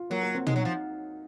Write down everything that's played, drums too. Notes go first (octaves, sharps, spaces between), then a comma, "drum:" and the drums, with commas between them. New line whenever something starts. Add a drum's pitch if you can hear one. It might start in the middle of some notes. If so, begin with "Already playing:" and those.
Already playing: F4
F#3 A#3
A#3
C4
G#3 D#4, drum: tom
F#3
F3